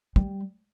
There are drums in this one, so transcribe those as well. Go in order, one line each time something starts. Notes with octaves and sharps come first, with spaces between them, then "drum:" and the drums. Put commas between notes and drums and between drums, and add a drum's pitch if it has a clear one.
G3, drum: kick